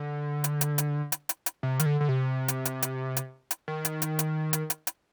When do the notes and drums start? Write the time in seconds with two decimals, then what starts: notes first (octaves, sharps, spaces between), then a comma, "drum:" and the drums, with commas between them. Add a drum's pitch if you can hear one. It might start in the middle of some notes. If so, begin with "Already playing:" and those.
Already playing: D3
0.44 drum: hi-hat
0.61 drum: hi-hat
0.78 drum: hi-hat
1.12 drum: hi-hat
1.29 drum: hi-hat
1.46 drum: hi-hat
1.63 C3
1.80 D#3, drum: hi-hat
1.86 D3
2.00 D3
2.09 C3
2.48 drum: hi-hat
2.65 drum: hi-hat
2.82 drum: hi-hat
3.17 drum: hi-hat
3.51 drum: hi-hat
3.68 D#3
3.85 drum: hi-hat
4.02 drum: hi-hat
4.19 drum: hi-hat
4.53 drum: hi-hat
4.70 drum: hi-hat
4.87 drum: hi-hat